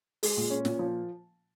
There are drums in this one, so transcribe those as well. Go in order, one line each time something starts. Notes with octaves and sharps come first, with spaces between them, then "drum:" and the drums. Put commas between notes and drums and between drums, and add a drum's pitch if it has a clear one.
G#3, drum: open hi-hat
A#2
C#4
A#2, drum: snare
F3